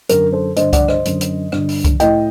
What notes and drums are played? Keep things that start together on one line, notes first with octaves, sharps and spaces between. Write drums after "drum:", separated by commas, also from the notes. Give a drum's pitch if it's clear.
F#2 D3 A#4, drum: hi-hat
A4 C5
G2 D3 C5 D#5, drum: hi-hat
D5 F#5, drum: kick C2, hi-hat
C5 D#5, drum: rim click
F#2 D3, drum: hi-hat
drum: hi-hat
G2 D3, drum: rim click
drum: open hi-hat
drum: kick C2, hi-hat
A2 D#5 G5, drum: hi-hat